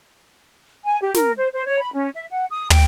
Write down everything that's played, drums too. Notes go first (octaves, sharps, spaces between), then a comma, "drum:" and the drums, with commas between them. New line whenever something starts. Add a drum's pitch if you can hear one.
G#5
G4
A#4, drum: snare
C5
C5
C#5
B5
C#4
E5
F#5
D#6
G5, drum: tom